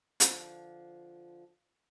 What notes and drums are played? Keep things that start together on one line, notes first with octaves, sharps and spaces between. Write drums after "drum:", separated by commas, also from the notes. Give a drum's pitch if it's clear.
D3 F3, drum: hi-hat